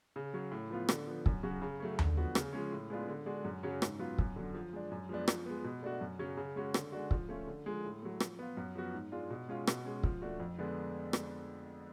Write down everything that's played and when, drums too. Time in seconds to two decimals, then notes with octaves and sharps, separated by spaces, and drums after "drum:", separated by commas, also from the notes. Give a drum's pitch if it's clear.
0.16 C#3
0.34 F#3 C#4
0.51 A2
0.70 F3 B3 F4
0.89 D3, drum: rim click
1.07 F3 B3
1.26 F#2, drum: kick
1.43 C#3 F#3 C#4 F#4
1.62 C#3
1.80 F#3 A3 C#4
1.99 D3, drum: tom D#2
2.17 F3 B3 F#4
2.35 C#3, drum: rim click
2.53 F3 G#3 C#4
2.72 A2
2.90 G#3 B3 D4 F4
3.08 D3
3.26 G#3 D4 F#4
3.44 F#2
3.63 C#3 F#3 C#4
3.82 G#2, drum: rim click
3.99 F#3 B3 F4
4.18 F#2, drum: kick
4.36 D3 F#3
4.54 F3
4.73 G#3 D4
4.92 F#2
5.09 F3 G#3 B3 D4
5.28 F3, drum: rim click
5.46 G#3 B3
5.64 B2
5.82 A3 D4 F#4
6.01 F#2
6.19 C#3 F#3 C#4
6.37 C#3
6.56 G#3 C#4 F#4
6.74 D3, drum: rim click
6.92 G#3 D4 F#4
7.11 F3, drum: kick
7.29 A3 C#4 F4
7.47 D3
7.66 F3 G#3
7.84 A2
8.02 F#3 A3
8.20 F3, drum: rim click
8.39 B3 F4
8.57 F#2
8.75 F3 B3 F#4
8.94 G#2
9.12 G#3 D4 F4
9.30 B2
9.49 G#3 C#4 F4
9.67 B2, drum: rim click
9.85 G#3 C#4
10.03 F3, drum: kick
10.22 A3 D4 F#4
10.40 F2
10.58 D3 G#3 B3 D4
11.13 drum: rim click